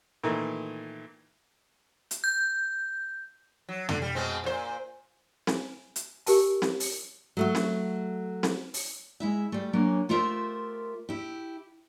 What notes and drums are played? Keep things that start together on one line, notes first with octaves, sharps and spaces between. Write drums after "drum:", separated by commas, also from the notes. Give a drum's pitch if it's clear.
A#2 D#3 E3 A3
drum: hi-hat
G6
F#3
D3, drum: tom
G3
B2 G#3 C4
A#2 C5
G#5, drum: snare C4
drum: hi-hat
G4 A#4 G#5 A5, drum: open hi-hat
drum: snare C4
drum: open hi-hat
F#3 A3 F#4
drum: snare C4
drum: snare C4
drum: open hi-hat
G#3 E4 E5
G3 A3
F#3 A#3 C#4 D4
A3 F4 G4 A#4 C5 E5
E4 G4